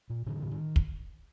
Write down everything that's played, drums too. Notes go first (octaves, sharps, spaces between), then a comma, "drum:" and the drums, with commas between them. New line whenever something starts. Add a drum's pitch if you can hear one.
A#2
A2 D3 E3
A2
D#3
drum: kick